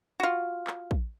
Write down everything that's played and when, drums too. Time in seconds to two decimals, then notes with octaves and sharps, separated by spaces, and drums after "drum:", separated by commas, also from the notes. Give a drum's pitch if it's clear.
0.20 F4 F#4
0.67 drum: clap
0.91 drum: kick